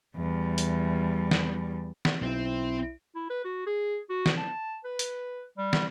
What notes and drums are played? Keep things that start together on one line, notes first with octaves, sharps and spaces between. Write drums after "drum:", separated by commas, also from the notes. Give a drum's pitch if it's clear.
E2 G3
drum: hi-hat
drum: snare
drum: snare
B1 C4 E4
E4
B4
F#4
G#4
F#4
drum: snare
A5
B4
drum: hi-hat
G3
drum: snare